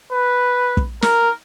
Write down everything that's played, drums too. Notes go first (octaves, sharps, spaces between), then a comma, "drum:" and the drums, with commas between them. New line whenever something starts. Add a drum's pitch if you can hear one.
B4
drum: kick
A#4, drum: snare